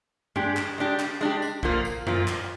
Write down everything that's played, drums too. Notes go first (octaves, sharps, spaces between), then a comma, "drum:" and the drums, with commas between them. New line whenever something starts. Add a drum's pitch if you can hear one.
G#3 D4 G4, drum: tom G2
drum: clap
G#3 D4 G4
drum: clap
G#3 D4 G4
drum: tambourine
A#2 F3 A#3 F4, drum: kick B1
drum: tambourine
A#2 F3 A#3 F4, drum: tom F#2
drum: clap